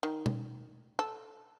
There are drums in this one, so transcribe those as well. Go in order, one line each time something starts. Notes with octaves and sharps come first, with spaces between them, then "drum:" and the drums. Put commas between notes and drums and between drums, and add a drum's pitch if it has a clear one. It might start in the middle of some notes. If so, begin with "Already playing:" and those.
D#3
drum: tom B2
A4